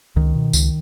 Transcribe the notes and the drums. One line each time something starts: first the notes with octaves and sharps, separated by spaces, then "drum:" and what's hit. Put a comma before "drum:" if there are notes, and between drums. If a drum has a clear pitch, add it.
C#2 D#3
B2
C#2, drum: tambourine